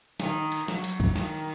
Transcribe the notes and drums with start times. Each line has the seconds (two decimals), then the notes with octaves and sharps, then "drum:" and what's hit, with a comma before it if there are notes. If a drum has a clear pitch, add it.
0.20 D#3, drum: snare
0.52 drum: cymbal
0.68 F#3, drum: snare
0.84 drum: cymbal
1.00 drum: kick
1.16 D#3, drum: snare